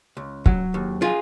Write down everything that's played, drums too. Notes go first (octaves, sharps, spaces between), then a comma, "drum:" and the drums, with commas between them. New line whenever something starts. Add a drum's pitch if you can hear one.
C#2
F#3, drum: kick
D#2
F4 G#4